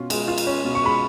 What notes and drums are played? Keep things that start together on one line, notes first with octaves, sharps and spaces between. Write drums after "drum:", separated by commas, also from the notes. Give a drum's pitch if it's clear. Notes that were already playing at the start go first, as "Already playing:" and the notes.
Already playing: B2 C#4 F4
G#3, drum: cymbal
F4
drum: cymbal
C#4
B2
C#6
G#3 B5